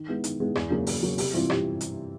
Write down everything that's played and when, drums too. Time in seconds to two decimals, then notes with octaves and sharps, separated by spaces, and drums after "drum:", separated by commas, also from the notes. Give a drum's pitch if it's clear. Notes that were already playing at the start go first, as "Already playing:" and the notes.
Already playing: D#3
0.09 G#3 B3 E4
0.24 D#3, drum: hi-hat
0.40 G#3 B3 E4
0.55 E2, drum: rim click
0.70 C#3 F#3 A#3
0.87 E2, drum: open hi-hat
1.03 C#3 F#3 A#3
1.18 C3, drum: open hi-hat
1.33 E3 G3 C4 F4
1.50 C3, drum: rim click
1.81 drum: hi-hat